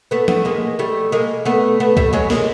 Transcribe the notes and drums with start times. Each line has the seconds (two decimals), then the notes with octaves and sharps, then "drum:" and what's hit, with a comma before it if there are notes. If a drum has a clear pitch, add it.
0.11 A3 B3
0.28 A3 B3, drum: tom F3
0.45 G#3 A#3
0.79 G3 A3
1.12 G#3 A#3
1.45 A3 B3
1.80 A3 B3
1.97 G3 A3, drum: kick
2.13 F#3 G#3
2.30 G#3 A#3, drum: snare